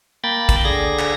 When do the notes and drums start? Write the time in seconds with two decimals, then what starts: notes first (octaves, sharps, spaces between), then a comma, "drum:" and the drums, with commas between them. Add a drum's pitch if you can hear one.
0.24 A#3 G5 B5 A6
0.49 drum: kick, hi-hat
0.65 D3 G#4 A#6
0.99 drum: clap